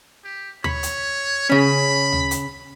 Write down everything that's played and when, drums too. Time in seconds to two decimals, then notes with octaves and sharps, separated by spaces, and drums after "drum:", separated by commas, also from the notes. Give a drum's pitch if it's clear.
0.24 G4
0.64 C#5 B5, drum: tom D2
0.83 drum: hi-hat
1.50 C#3 C#4 B5
2.12 drum: tom D2
2.31 drum: hi-hat